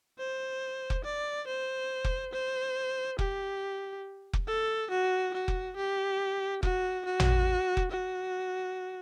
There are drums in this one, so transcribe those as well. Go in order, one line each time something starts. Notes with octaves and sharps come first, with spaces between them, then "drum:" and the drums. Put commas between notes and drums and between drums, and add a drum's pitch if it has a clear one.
C5
drum: kick F1
D5
C5
drum: kick F1
C5
G4, drum: kick F1
drum: kick F1
A4
F#4
F#4
drum: kick F1
G4
F#4, drum: kick F1
F#4
drum: tom A1
drum: kick F1
F#4